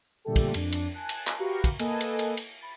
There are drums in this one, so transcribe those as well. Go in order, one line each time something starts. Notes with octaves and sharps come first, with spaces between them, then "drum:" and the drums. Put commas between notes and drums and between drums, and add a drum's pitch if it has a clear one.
A#2 D3 G3 A3 G4 A4
drum: kick, cymbal
F2 D4, drum: cymbal
drum: cymbal
G#5 A5 F#6
drum: cymbal
drum: clap
F#4 G4 B4 F5 A#5 C#6
drum: kick, cymbal
A#3 A4 B4 D#5 G#5 A5, drum: cymbal
drum: cymbal
drum: cymbal
drum: cymbal
B5 A6